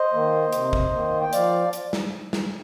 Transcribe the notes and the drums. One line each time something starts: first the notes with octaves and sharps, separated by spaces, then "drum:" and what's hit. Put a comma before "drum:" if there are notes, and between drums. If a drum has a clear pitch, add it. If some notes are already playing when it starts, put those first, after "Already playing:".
Already playing: C5 D#5
D#3 A#3
C3, drum: hi-hat
drum: kick
D#3 A#3
G5
F3 D5 F5, drum: hi-hat
drum: hi-hat
drum: snare
drum: snare